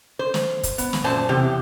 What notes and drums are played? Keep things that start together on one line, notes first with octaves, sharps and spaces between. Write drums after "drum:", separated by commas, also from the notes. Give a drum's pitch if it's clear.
C5
drum: snare
drum: kick, hi-hat
B3, drum: hi-hat
drum: snare
F#2 A#2 C5 A5
E2 C3 G4